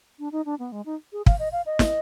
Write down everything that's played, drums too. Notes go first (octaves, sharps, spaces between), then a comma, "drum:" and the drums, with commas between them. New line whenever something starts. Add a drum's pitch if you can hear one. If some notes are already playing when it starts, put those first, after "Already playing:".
D4
D#4
D4
B3
G#3
D#4
G#4
F5, drum: kick
D#5
F5
D#5
drum: snare